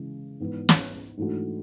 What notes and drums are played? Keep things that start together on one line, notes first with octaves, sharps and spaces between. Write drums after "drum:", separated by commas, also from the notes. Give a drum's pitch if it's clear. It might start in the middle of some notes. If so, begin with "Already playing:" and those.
Already playing: C#3 E3 G#3
G#2 E3 B3
drum: snare
G#2 E3 A3 D4 F#4